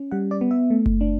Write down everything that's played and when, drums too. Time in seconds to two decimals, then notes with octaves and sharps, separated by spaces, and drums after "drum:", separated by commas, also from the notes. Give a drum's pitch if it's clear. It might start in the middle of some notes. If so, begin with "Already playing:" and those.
Already playing: C#4
0.11 G3 F#5
0.31 D5
0.41 B3
0.51 E5
0.70 A3
0.86 drum: kick F#1
1.01 D4